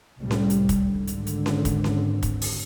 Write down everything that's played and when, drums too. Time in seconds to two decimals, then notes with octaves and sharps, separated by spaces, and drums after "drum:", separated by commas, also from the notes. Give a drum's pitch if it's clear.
0.19 C2 A2 G3
0.31 drum: snare C#4
0.50 drum: hi-hat
0.69 drum: kick, hi-hat
0.88 G#1 D3
1.07 drum: hi-hat
1.27 drum: hi-hat
1.46 drum: snare C#4
1.65 drum: kick, hi-hat
1.84 drum: snare C#4
2.23 drum: kick, hi-hat
2.42 drum: open hi-hat